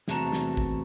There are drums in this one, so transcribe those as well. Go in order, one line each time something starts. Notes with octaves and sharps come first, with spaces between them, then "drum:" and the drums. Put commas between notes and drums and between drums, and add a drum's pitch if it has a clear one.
E2 C3 A3 F#4 A5 A#5, drum: snare
drum: snare
drum: kick